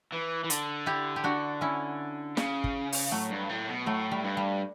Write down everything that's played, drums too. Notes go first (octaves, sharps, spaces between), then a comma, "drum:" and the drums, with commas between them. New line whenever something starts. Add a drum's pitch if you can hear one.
E3
E3
D3, drum: hi-hat
E4 G4
G4
D4 F#4
C#4 E4
C#3, drum: snare
drum: kick
drum: open hi-hat
A2 F#3 A3
G2
A2
B2
A2 F#3 A3
G3
G2
G3